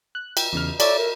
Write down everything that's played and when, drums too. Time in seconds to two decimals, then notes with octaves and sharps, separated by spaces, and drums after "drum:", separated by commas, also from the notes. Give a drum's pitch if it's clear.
0.15 F#6
0.37 G5, drum: cymbal
0.53 E2 C#3 F6
0.80 A4 C#5 D5 E5, drum: cymbal
0.98 A#4